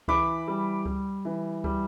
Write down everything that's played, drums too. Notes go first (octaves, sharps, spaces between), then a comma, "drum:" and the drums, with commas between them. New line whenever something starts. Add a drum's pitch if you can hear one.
E3 B5 D6, drum: kick C#2
G3
G3, drum: kick C#2
E3
G3, drum: kick C#2